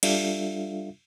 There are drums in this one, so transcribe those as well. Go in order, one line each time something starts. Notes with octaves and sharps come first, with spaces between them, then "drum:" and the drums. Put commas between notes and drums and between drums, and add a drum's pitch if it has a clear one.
G3 D4 F4 A4 E5 F5, drum: cymbal